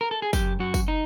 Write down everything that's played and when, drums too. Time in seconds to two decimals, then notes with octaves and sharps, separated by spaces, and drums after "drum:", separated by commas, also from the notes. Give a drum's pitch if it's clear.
0.01 A#4
0.11 A4
0.22 G#4
0.33 F#2 G4, drum: kick, tambourine
0.60 F#2 F#4
0.74 drum: kick, tambourine
0.88 D#4